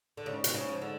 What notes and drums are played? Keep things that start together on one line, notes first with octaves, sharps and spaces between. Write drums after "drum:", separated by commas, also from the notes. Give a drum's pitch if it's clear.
D3
G#2 C#3
B2, drum: hi-hat
C#3
F3
D3